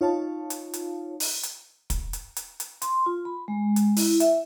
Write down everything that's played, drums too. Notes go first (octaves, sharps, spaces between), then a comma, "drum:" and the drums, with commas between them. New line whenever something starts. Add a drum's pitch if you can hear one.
D#4 F4 C#5 F5 A5
drum: hi-hat
drum: hi-hat
drum: open hi-hat
drum: hi-hat
drum: kick, hi-hat
drum: hi-hat
drum: hi-hat
drum: hi-hat
C6, drum: hi-hat
F4
B5
G#3
drum: hi-hat
E4, drum: open hi-hat
E5, drum: hi-hat